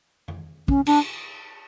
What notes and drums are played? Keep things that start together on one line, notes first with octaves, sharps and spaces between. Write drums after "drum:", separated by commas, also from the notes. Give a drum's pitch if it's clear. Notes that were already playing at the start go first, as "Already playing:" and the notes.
drum: tom
C#4, drum: kick
D4, drum: cymbal